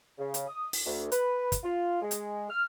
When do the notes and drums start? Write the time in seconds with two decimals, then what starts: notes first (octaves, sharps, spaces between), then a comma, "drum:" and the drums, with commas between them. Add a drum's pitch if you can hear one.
0.18 C#3
0.34 drum: hi-hat
0.48 D#6
0.73 drum: open hi-hat
0.86 D2
1.12 B4, drum: hi-hat
1.52 drum: kick, hi-hat
1.63 F4
2.02 G#3
2.11 drum: hi-hat
2.50 F6